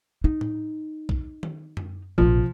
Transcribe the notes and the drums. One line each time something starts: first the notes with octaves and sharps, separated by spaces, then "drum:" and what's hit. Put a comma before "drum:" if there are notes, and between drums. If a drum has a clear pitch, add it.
D#4
drum: tom A2
drum: kick B1
drum: tom D#3
drum: tom F#2
A#1 C3 F3